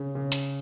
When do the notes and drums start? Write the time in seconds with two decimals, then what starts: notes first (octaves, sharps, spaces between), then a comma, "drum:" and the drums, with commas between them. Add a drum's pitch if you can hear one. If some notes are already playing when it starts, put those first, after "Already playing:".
Already playing: C#3
0.15 C#3
0.32 drum: hi-hat